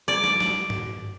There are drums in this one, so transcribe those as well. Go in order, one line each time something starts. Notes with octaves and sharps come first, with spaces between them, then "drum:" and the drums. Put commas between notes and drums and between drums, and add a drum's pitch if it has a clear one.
D5
drum: snare
drum: snare
drum: tom G2